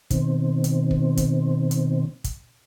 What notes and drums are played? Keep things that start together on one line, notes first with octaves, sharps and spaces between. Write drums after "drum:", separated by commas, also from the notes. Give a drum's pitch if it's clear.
B2 D#3 C4, drum: kick, hi-hat
drum: hi-hat
drum: kick
drum: kick, hi-hat
drum: hi-hat
drum: kick, hi-hat